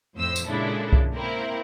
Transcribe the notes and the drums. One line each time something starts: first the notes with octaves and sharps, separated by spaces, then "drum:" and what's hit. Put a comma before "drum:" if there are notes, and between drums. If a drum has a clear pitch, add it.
F2 A2 C5 E6
drum: tambourine
A#2 C#3 G#3 D4 E4 A4
drum: kick C2
A#3 C4 E4 A#4